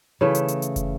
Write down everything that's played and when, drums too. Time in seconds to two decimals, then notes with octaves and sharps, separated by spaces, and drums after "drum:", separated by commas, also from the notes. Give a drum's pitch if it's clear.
0.21 C#3 E3 A3
0.35 drum: hi-hat
0.48 drum: hi-hat
0.62 drum: hi-hat
0.76 drum: kick, hi-hat